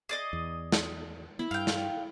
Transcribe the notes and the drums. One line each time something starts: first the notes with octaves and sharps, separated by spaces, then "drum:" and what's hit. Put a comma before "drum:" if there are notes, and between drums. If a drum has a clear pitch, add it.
G#4 D5 D#5
E2
drum: snare
B3 E4
G2 F5 G5
drum: snare